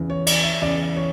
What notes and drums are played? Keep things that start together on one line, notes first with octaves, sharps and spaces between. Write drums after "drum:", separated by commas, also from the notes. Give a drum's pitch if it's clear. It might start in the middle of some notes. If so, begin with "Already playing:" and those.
Already playing: E2 C#3 E3
C#5
D5, drum: cymbal
E5
E2 C#3 E3 D5
C#5